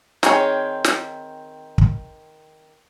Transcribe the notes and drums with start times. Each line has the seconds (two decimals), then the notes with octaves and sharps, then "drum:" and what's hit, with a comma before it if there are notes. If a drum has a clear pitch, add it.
0.23 D#3 C4 G#4 C#5, drum: snare
0.84 drum: snare
1.78 drum: kick